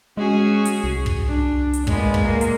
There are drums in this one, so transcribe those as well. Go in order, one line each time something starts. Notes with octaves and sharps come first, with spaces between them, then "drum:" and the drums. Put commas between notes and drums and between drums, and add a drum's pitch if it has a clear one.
G#3 C#4 F#4 G#4
drum: hi-hat
C2
drum: kick
D4
drum: hi-hat
A#2 G#3 B3, drum: kick
drum: kick
A#3
drum: hi-hat